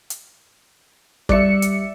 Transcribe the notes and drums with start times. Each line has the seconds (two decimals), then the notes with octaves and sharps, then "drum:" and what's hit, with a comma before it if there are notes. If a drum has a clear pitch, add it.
0.10 drum: hi-hat
1.29 G3 D5 E5 C#7, drum: kick
1.62 drum: hi-hat